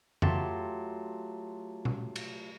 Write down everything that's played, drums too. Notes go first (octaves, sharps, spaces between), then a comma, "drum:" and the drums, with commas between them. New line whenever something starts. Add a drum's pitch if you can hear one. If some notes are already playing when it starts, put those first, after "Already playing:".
F#3 A3 F4 G4 A5 C6, drum: tom F2
drum: tom B2
drum: cymbal